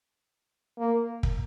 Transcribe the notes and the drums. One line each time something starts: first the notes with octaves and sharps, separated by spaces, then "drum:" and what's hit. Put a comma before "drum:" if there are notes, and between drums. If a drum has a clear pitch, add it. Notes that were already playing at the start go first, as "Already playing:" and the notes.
A#3
drum: kick